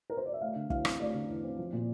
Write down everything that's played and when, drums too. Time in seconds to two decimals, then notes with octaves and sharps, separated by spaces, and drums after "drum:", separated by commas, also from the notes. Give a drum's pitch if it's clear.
0.10 A#4
0.17 C5
0.25 D5
0.33 E5
0.41 A3 F5
0.56 D3
0.70 E2 F5, drum: kick
0.85 C4, drum: rim click
1.00 A3 D5
1.14 D3
1.29 E2
1.44 C4
1.59 F3
1.73 A#2